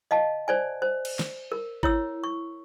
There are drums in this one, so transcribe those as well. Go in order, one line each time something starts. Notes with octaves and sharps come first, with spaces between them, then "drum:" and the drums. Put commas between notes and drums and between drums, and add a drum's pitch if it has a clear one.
D#5 F5 A5
C5 D5 G#5
C5
drum: cymbal
drum: snare
A#4
E4 C#5 E6, drum: kick G#1
C#6